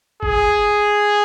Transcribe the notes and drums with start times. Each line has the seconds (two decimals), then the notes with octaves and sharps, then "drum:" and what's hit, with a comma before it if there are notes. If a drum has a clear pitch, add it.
0.23 G#4, drum: kick